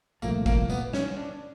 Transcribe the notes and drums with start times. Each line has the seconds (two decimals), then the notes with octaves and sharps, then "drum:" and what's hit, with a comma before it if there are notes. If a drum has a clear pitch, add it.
0.22 C2 A#2 F3 A3 A#3, drum: tambourine
0.46 A#3, drum: kick, tambourine
0.70 B3, drum: tambourine
0.93 C#4, drum: snare
1.17 D4